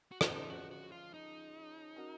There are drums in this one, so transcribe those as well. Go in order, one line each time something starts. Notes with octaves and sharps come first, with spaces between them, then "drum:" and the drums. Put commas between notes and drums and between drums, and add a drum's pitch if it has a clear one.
F#4
F4, drum: rim click
F3 G#3 C#4 D#4
F#4
F#4
F4
D#4
C#4 F#4 A#4 D#5